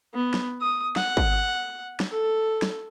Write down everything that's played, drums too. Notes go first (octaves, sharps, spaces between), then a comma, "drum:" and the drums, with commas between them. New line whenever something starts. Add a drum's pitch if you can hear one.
B3
drum: snare
D#6
F#5, drum: snare
drum: kick
drum: snare
A4
drum: snare